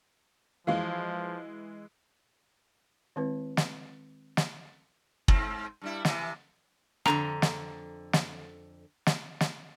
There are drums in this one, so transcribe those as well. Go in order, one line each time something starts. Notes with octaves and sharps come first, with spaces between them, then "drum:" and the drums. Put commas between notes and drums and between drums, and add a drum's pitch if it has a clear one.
E3 F3 G#3 F#4 F5
D#3 G#3 C4 E4 B4
drum: snare
drum: snare
G#2 C4, drum: kick
G2 G3 E4
C3 E3, drum: snare
F2 D3 A#5, drum: rim click
drum: snare
drum: snare
drum: snare
drum: snare